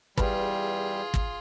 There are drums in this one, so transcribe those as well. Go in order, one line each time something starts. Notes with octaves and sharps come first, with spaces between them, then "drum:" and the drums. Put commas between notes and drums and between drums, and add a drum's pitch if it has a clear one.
E2 G3 F4 G#4 B4 B5, drum: kick
drum: kick